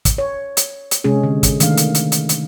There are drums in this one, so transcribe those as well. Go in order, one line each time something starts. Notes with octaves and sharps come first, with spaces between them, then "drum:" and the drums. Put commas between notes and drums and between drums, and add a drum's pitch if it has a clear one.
drum: kick, hi-hat
C#5
drum: hi-hat
drum: hi-hat
C3 G#3 C#4 G#4
D3
drum: kick, hi-hat
D#3 A3 D4 F5, drum: hi-hat
drum: hi-hat
drum: hi-hat
drum: hi-hat
drum: hi-hat